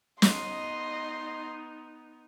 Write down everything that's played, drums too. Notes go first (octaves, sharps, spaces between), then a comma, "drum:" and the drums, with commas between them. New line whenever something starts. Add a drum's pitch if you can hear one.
B3 D#4 D#5 C6, drum: snare